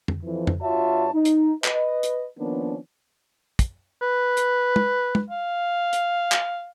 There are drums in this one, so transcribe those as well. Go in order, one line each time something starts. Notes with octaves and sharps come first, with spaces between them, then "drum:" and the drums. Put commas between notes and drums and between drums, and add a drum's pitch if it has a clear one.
drum: tom
F2 E3 F3
drum: tom
G2 F4 F#4 C#5 E5 A5
D#4
drum: hi-hat
B4 D#5, drum: clap
drum: hi-hat
D#3 F3 A#3 B3 C#4 D4
drum: kick, hi-hat
B4
drum: hi-hat
drum: tom
drum: tom
F5
drum: hi-hat
drum: clap